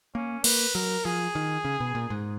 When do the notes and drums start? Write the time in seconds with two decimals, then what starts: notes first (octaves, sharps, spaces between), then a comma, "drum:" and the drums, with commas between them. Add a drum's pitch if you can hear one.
0.15 A#3 C#4
0.44 A#3 B4, drum: cymbal
0.74 F#3 A#4
1.05 F3 G#4
1.35 D#3
1.65 C#3
1.80 B2
1.95 A#2
2.10 G#2